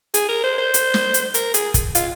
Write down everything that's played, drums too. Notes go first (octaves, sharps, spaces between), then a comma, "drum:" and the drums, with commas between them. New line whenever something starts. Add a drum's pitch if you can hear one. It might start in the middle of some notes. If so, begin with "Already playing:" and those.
G#4, drum: hi-hat
A#4
C5
C5
drum: hi-hat
drum: snare
drum: hi-hat
A#4, drum: hi-hat
G#4, drum: hi-hat
drum: kick, hi-hat
F4, drum: hi-hat